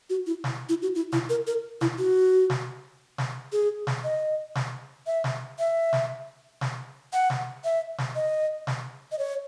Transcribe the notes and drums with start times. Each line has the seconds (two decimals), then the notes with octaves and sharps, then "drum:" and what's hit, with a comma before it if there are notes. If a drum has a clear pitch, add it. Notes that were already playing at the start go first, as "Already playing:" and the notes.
0.10 F#4
0.27 E4
0.44 drum: snare
0.69 E4
0.82 F#4
0.95 E4
1.12 E4, drum: snare
1.30 A#4
1.47 A#4
1.81 E4, drum: snare
1.98 F#4
2.50 drum: snare
3.18 drum: snare
3.53 G#4
3.87 drum: snare
4.04 D#5
4.55 drum: snare
5.07 E5
5.24 drum: snare
5.59 E5
5.93 drum: snare
6.61 drum: snare
7.13 F#5
7.30 drum: snare
7.64 E5
7.98 drum: snare
8.15 D#5
8.67 drum: snare
9.12 D#5
9.19 C#5